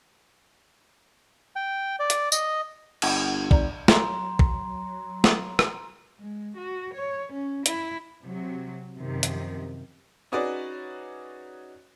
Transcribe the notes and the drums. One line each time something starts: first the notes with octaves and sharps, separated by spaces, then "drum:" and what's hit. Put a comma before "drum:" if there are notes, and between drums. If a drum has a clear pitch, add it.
G5
D5
drum: hi-hat
D#5, drum: tambourine
G1, drum: cymbal
D5 A#5, drum: kick
F#3 A#5 C6, drum: snare
drum: kick
drum: snare
drum: rim click
G#3
F#4
C#5
C#4
E4, drum: hi-hat
C3 F#3
F#2 C3 D#3 F3
drum: hi-hat
C#4 D#4 F#4 G#4 B4 D5